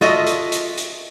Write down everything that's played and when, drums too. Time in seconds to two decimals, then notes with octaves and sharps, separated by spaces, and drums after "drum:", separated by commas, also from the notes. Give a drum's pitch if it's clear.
0.01 F4 F#4 A4 D#5 E5, drum: snare
0.27 drum: hi-hat
0.52 drum: hi-hat
0.77 drum: hi-hat